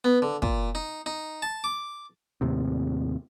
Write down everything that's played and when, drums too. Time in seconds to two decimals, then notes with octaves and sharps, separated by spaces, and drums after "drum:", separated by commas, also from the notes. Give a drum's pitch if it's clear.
0.04 B3
0.22 D3
0.42 A#2, drum: kick
0.75 D#4
1.06 D#4
1.42 A5
1.64 D6
2.41 D#2 A2 C3 C4